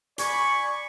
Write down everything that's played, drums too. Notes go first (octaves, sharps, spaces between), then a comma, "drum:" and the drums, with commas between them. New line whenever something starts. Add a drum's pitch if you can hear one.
D5 G#5 B5 C#6, drum: hi-hat